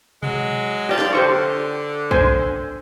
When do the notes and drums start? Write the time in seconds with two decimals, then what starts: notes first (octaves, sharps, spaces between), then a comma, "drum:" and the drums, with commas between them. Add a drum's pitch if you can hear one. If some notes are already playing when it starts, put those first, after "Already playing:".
0.23 F#3 G#3, drum: tom B2
0.89 F3 D4 F4 G4 D5
0.99 drum: snare
1.13 D3 G4 C5 C#6
2.11 C5 G#5, drum: kick